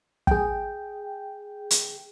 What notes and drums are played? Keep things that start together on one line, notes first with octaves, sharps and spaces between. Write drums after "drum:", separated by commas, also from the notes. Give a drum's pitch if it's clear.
G#4 G5, drum: kick
drum: hi-hat